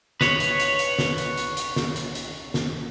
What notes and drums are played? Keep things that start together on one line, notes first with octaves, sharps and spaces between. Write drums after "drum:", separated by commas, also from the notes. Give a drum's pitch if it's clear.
B4 C#5, drum: snare
drum: hi-hat
drum: hi-hat
drum: hi-hat
drum: snare
drum: hi-hat
drum: hi-hat
drum: hi-hat
drum: snare
drum: hi-hat
drum: hi-hat
drum: snare